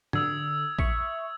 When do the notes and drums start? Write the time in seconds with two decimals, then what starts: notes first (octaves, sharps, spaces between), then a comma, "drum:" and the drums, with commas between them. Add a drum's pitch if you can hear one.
0.13 D3 D#6 E6 G#6, drum: tom
0.79 E5 C#6, drum: kick